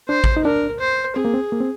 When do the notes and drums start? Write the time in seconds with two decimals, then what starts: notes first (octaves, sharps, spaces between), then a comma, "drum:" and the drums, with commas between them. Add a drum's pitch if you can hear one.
0.09 D4 C5
0.24 drum: kick A1
0.37 D#4
0.45 D4 A#4
0.80 C5
1.16 C4 G#4
1.25 A#3
1.34 C4
1.52 A#3
1.61 C4